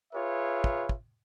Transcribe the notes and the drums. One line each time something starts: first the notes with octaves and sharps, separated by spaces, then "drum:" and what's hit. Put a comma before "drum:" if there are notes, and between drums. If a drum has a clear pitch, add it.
F4 G#4 B4 C#5 E5
drum: kick
drum: kick